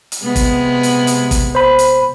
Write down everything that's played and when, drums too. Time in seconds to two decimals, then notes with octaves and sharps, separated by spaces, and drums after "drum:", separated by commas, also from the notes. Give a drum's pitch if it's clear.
0.12 drum: hi-hat
0.24 C3 G#3 B3
0.36 drum: kick, hi-hat
0.83 drum: hi-hat
1.07 drum: hi-hat
1.31 drum: kick, hi-hat
1.55 C5 B5
1.79 drum: hi-hat